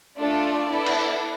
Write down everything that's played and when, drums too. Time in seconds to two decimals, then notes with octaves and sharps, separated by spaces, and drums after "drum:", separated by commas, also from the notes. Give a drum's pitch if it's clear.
0.18 A3 D4 F4 A4 D5
0.70 B3 E4 A4
0.86 drum: cymbal